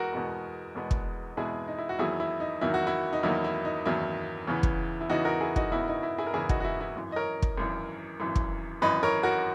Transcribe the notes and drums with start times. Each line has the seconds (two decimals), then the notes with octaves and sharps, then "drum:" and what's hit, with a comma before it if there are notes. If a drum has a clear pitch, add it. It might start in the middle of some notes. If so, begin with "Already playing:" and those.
Already playing: E2 G#3 B3 F#4 A#4
0.13 E2 B2 G#3 B3
0.75 E2 B2 G#3 B3
0.91 drum: kick
1.37 E2 B2 G#3 B3 E4 G#4
1.68 D#4
1.78 E4
1.89 F#4
1.99 E2 D#3 F#3 A#3 E4 G#4
2.20 E4
2.40 D#4
2.61 E2 D#3 F#3 A#3 E4
2.74 F#4
2.87 E4
3.13 D#4
3.23 E2 D#3 F#3 A#3 E4
3.44 E4
3.65 D#4
3.86 E2 D#3 F#3 A#3 E4
4.47 E2 C#3 E3 B3
4.63 drum: kick
5.01 E4
5.09 E2 C#3 E3 B3 D#4 F#4
5.25 F#4 A#4
5.41 E4 G#4
5.56 D#4 F#4, drum: kick
5.71 E2 C#3 E3 B3 E4
5.88 D#4
6.03 E4
6.18 E4 G#4
6.27 A#4
6.34 E2 C#3 E3 B3 E4 G#4
6.49 D#4 F#4, drum: kick
6.60 F#4
6.65 E4
6.81 E4
6.96 G#1 F#2 E3
7.12 D#5
7.16 A#4 C#5
7.42 drum: kick
7.57 G#1 F#2 E3
8.20 G#1 F#2 E3
8.36 drum: kick
8.82 G#1 F#2 E3 B4 D#5
9.03 A#4 C#5
9.23 F#4 A#4